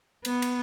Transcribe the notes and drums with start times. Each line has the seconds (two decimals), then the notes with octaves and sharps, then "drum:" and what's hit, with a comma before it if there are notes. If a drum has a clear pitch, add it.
0.25 B3, drum: cymbal
0.42 drum: cymbal